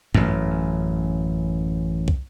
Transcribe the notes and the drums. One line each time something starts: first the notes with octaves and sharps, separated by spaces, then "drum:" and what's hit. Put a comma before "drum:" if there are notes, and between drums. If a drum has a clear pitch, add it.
A1 F#2, drum: tom G2
drum: kick